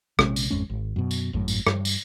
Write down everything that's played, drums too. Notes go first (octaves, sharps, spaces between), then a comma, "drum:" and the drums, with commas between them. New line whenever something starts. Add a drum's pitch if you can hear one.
A#1 C3 G#3 C#4, drum: rim click
drum: tambourine
G#1 F2 G#3 C#4
G#1
F#2 B2
drum: tambourine
G#1 F#2 A2
drum: tambourine
G2, drum: rim click
drum: tambourine